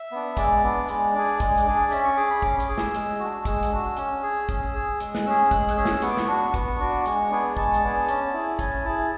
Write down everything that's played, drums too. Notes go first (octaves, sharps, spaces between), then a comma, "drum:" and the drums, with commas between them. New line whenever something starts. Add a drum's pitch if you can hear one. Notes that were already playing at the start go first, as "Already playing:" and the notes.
Already playing: E5
B3 D4
G#3 D5, drum: kick, hi-hat
B3 D4
G#3, drum: hi-hat
D4 G#4
G#3, drum: kick, hi-hat
drum: hi-hat
D4 G#4
C#4 E5, drum: hi-hat
C#6
G#4 D6
B5
C#4 D6, drum: kick
D6, drum: hi-hat
G#4
E6, drum: snare
G#3, drum: hi-hat
D4 F#4
G#3 E6, drum: kick, hi-hat
drum: hi-hat
D4 F#4
C#4, drum: hi-hat
G#4
C#4, drum: kick, hi-hat
G#4
G#3, drum: hi-hat
F#6, drum: snare
C#4 G#4 E6
G#3 F#6, drum: kick, hi-hat
E6, drum: hi-hat
C#4 G#4
E6, drum: snare
B3 C#6, drum: hi-hat
D6
C#6, drum: snare
D4 F#4
B3, drum: kick, hi-hat
D4 F#4
G#3, drum: hi-hat
B3 D4 G#4
G#3 A5, drum: kick
drum: hi-hat
B3 D4 G#4
C#4, drum: hi-hat
E4 G#4
C#4 G#5, drum: kick, hi-hat
E4 G#4 A5